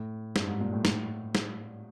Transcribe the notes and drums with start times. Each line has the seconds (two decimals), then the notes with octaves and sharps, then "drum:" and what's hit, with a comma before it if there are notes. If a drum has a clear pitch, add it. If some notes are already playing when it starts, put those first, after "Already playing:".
Already playing: A2
0.36 G2, drum: snare
0.47 G#2
0.60 A#2
0.73 A2
0.85 A2, drum: snare
1.35 drum: snare